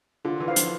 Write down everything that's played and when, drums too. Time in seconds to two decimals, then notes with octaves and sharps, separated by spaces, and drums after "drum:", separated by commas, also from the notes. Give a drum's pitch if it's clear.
0.25 D3 F4
0.40 E3
0.48 C5 F5
0.56 F3, drum: hi-hat